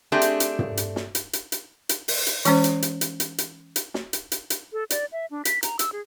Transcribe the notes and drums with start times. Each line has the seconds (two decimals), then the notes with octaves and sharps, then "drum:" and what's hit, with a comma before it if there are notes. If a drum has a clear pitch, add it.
0.12 A3 C4 D4 G4 G#4
0.22 drum: hi-hat
0.40 drum: hi-hat
0.59 drum: tom
0.77 drum: hi-hat
0.96 drum: snare
1.15 drum: hi-hat
1.33 drum: hi-hat
1.52 drum: hi-hat
1.89 drum: hi-hat
2.08 drum: open hi-hat
2.27 drum: hi-hat
2.45 E3 G#3 C#4 C5, drum: hi-hat
2.64 drum: hi-hat
2.82 drum: hi-hat
3.01 drum: hi-hat
3.20 drum: hi-hat
3.38 drum: hi-hat
3.76 drum: hi-hat
3.94 drum: snare
4.13 drum: hi-hat
4.32 drum: hi-hat
4.50 drum: hi-hat
4.73 A4
4.90 D5, drum: hi-hat
5.12 E5
5.31 D4
5.45 B6, drum: hi-hat
5.63 A#5, drum: hi-hat
5.79 E6, drum: hi-hat
5.92 G#4